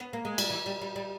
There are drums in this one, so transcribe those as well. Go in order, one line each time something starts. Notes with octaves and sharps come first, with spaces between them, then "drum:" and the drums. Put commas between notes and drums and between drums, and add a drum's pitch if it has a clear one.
B3
A#3
G#3
G3, drum: cymbal
E3
G3
G3
G3